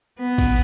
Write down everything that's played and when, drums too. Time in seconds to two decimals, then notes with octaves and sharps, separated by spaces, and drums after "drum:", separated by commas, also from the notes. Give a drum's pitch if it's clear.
0.20 B3
0.38 drum: kick G#1, cymbal